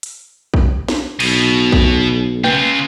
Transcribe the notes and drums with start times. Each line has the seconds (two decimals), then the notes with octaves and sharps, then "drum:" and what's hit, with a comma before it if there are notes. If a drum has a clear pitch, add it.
0.03 drum: hi-hat
0.54 drum: kick A#1
0.88 drum: snare
1.20 B1 B2, drum: cymbal
1.72 drum: kick A#1
2.44 C#3 A#3 F4 B4